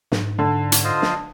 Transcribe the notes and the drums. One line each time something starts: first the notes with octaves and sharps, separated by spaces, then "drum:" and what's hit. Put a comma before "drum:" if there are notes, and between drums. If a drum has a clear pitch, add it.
G#2, drum: snare
D3
drum: hi-hat
F4 C5 D#5
drum: snare